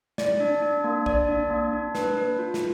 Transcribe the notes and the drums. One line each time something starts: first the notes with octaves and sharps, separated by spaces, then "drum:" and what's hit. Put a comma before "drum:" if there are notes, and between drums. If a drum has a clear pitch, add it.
D5, drum: snare
D4
D4
A#3
D5, drum: kick
D4
A#3
D4
B4, drum: snare
B4
F4
drum: snare